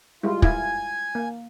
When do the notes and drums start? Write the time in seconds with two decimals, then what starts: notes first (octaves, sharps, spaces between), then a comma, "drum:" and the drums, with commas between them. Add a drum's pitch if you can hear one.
0.23 G3 G#3 E4 F4
0.42 E4 F4 G#5, drum: kick
1.15 A#3